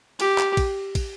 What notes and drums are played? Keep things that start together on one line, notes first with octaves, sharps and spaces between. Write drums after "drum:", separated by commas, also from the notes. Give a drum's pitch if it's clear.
G4, drum: cymbal
drum: clap
drum: kick, cymbal
drum: kick, cymbal